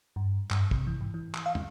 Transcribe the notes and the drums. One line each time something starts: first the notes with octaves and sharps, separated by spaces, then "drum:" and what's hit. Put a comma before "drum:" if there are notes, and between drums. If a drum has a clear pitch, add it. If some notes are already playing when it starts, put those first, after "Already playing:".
G2
G2, drum: clap
C3, drum: kick
E3
G#2
E3
drum: clap
F5
drum: tom